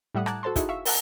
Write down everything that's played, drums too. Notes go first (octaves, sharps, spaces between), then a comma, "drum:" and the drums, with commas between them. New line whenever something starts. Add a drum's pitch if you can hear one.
A2 G3 E5 F#5 D#6
A5 A#5 D6 F#6 G#6, drum: rim click
F#4 A4 C5 A5 C6
D#4 E4 F#4 G#4, drum: kick, hi-hat
E5 F5 C#6
A#4 F#5 A5 A#5, drum: open hi-hat